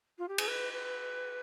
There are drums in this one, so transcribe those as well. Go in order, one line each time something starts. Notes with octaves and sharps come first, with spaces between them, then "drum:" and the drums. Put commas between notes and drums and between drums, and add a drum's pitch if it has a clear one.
F4
G4
G#4, drum: cymbal
B4
B4